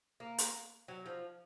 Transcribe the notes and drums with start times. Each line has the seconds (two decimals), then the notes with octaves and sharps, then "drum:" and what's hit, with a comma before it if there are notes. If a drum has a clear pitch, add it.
0.20 A#3
0.38 drum: hi-hat
0.88 F#3
1.06 F3